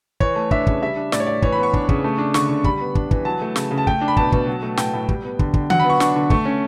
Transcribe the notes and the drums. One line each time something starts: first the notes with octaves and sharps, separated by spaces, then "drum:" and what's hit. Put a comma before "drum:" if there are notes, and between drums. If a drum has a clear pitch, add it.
E3 C#5, drum: kick
A3
D4 E5, drum: kick
C#3, drum: kick
G3 E5
D4
A2 D5, drum: snare
C#5
A2 D5
E3 C#5, drum: kick
B5
B3 C#6
D4, drum: kick
C#3, drum: kick
A3
D4
D3 C#6, drum: snare
D3
G3 B5, drum: kick
B3
D4, drum: kick
E3, drum: kick
F#3 A5
A3
C#3, drum: snare
C#3
A5
A3 G5, drum: kick
D4
B5
B2 A5, drum: kick
B2, drum: kick
F#3
A3
A2 G5, drum: snare
A2
G3, drum: kick
B3
D3, drum: kick
D3, drum: kick
F#3 F#5, drum: tom D#3
B3 B5
C#6
D4 C#6, drum: snare
D3
A3 C#6, drum: kick
C#4